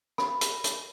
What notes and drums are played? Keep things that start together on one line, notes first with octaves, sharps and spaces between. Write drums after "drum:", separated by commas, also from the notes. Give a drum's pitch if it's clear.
B5, drum: rim click
drum: hi-hat
drum: hi-hat